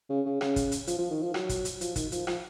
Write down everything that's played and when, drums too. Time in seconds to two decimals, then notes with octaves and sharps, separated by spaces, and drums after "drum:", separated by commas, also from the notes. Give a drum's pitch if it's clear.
0.10 C#3
0.26 C#3
0.41 C#3, drum: rim click
0.56 drum: kick, hi-hat
0.72 drum: hi-hat
0.87 F3, drum: hi-hat
0.98 F3
1.11 D#3
1.22 F3
1.34 F#3, drum: rim click
1.49 drum: kick, hi-hat
1.65 drum: hi-hat
1.81 F3, drum: hi-hat
1.96 D#3, drum: kick, hi-hat
2.12 F3, drum: hi-hat
2.27 F3, drum: rim click